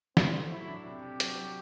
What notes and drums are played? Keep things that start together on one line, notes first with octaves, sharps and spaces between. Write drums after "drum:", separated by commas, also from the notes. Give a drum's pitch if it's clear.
A2 C4, drum: snare
A2
F#3 E4
D4
C3 G4
C3
F#3, drum: hi-hat
F#3